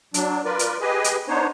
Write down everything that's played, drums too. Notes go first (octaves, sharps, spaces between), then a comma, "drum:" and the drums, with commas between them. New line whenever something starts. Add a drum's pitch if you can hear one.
F#3 D4, drum: hi-hat
F4 A#4 B4 D5
drum: hi-hat
G4 G#4 B4 D#5 G#5
drum: hi-hat
B3 D4 D#4 C5 C#5